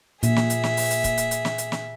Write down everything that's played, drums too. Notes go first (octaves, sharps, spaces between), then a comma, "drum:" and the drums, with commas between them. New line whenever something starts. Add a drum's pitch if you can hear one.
A#2 G#4 E5, drum: hi-hat
drum: snare
drum: hi-hat
drum: snare
drum: open hi-hat
drum: hi-hat
drum: kick, hi-hat
drum: hi-hat
drum: hi-hat
drum: snare
drum: hi-hat
drum: snare